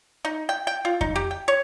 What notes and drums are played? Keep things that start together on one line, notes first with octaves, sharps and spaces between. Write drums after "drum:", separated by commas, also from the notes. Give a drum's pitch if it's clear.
D#4
G5
G5
F4
D#4, drum: kick F2
G4
G5
C#5